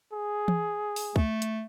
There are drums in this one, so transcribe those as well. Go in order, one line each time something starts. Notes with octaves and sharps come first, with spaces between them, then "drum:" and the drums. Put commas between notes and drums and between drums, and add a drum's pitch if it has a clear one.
G#4
drum: tom E3
drum: open hi-hat
A3, drum: kick
drum: hi-hat